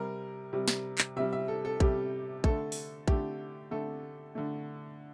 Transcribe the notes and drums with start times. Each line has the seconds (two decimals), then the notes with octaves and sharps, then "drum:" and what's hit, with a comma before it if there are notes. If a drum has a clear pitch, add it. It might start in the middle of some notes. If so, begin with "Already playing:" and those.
Already playing: C3 G3 A#4
0.53 C3 G3
0.68 drum: snare
0.98 drum: clap
1.16 C3 G3 E5
1.33 E5
1.48 A4
1.65 A4
1.80 C3 G3 G4, drum: kick A#1
2.44 D3 A3 A4, drum: kick A#1
2.72 drum: open hi-hat
3.08 D3 A3 G4, drum: kick A#1
3.71 D3 A3 A4
4.35 D3 A3